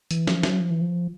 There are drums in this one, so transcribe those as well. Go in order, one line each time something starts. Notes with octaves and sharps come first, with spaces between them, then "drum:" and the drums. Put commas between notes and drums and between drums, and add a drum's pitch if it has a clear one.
E3, drum: hi-hat
F3, drum: snare
F#3, drum: snare
F3
E3
F3